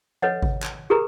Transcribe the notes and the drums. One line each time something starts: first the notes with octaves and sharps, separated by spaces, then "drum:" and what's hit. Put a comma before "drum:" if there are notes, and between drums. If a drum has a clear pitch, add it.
A4 B4 C#5 D#5 F#5, drum: tom F3
drum: kick G#1
drum: clap
G4 G#4 A#4 B4 A#5